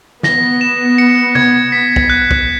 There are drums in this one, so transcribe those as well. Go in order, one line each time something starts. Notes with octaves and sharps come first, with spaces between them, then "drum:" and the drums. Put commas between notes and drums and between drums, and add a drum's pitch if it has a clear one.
B3 A#6, drum: snare
E7
C#7
G#6, drum: tom C3
B6
drum: kick
F#6
drum: kick